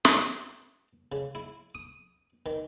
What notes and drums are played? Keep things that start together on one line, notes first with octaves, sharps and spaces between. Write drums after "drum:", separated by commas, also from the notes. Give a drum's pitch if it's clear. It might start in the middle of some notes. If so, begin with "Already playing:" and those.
D#5, drum: snare
C#3
E4
D#6
D#3